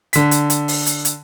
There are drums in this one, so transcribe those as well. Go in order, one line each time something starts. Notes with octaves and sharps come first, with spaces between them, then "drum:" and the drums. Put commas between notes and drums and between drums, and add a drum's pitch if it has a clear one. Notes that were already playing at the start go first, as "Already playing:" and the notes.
D3 B6, drum: hi-hat
drum: hi-hat
drum: hi-hat
drum: open hi-hat
drum: hi-hat
drum: hi-hat